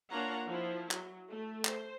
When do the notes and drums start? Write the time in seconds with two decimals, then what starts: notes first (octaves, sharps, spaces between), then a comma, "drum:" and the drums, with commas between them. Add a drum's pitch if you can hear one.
0.10 A#3 D4 F4 C#5 F#5 A#5
0.46 F3 E4
0.91 F#3, drum: clap
1.29 A3
1.65 C5, drum: clap